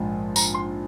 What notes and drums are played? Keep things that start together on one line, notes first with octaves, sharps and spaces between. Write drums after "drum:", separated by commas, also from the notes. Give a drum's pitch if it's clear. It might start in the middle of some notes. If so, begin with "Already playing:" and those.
Already playing: A#1 G#2 F3
A#5, drum: tambourine
C6